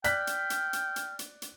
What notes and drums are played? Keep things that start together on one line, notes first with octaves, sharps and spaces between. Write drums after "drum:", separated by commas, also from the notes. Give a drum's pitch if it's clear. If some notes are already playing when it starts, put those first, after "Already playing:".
D5 G5 F6 F#6 B6, drum: hi-hat
drum: hi-hat
drum: hi-hat
drum: hi-hat
drum: hi-hat
drum: hi-hat
drum: hi-hat